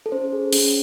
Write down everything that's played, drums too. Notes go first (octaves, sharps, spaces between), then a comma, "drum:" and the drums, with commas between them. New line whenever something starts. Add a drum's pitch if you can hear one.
A4
C#4 C5
G#4
C#4, drum: open hi-hat